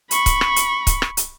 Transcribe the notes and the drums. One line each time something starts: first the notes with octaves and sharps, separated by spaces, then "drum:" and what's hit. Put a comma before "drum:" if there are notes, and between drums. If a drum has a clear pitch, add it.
B5 C#6, drum: hi-hat
drum: kick C#1, hi-hat
drum: rim click
drum: hi-hat
drum: kick C#1, hi-hat
drum: rim click
drum: hi-hat